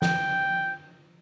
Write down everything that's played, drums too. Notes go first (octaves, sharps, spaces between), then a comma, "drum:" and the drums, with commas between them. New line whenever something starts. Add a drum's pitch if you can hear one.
G5, drum: snare